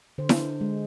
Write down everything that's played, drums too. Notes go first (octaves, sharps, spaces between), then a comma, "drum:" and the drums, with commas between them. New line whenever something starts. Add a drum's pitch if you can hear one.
D3 C5
drum: snare E4
G#3